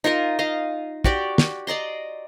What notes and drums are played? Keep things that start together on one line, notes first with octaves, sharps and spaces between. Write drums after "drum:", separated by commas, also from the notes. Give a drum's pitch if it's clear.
D#4 F4 A#4 D#5
D#5 F5
F#4 G4 D5, drum: kick
drum: snare
D5 D#5 A#5 C6